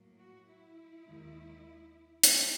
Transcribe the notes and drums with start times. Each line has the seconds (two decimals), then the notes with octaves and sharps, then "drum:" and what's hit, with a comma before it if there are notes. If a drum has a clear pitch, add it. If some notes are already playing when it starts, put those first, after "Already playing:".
Already playing: A2 F#3 A#3
0.18 F#4
0.47 E4
1.06 D#2 D#3 G#3
2.23 F#3 A#3 F4, drum: hi-hat